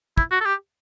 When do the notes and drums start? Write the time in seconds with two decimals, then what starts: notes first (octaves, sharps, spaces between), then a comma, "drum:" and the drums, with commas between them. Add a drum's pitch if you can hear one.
0.18 E4, drum: kick
0.31 F#4
0.41 A4
0.45 G4